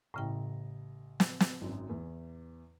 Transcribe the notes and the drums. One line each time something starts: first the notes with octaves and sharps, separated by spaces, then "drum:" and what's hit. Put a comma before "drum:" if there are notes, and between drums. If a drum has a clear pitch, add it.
A1 A2 C#3 E4 G5 A#5
drum: snare
drum: snare
G#1 F#2
E2 E3